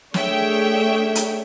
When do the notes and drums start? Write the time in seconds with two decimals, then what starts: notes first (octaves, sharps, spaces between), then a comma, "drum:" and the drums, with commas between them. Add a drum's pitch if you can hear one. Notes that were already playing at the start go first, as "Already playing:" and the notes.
0.14 A3 D4 G#4 C#5 E5 G5, drum: snare
1.15 drum: hi-hat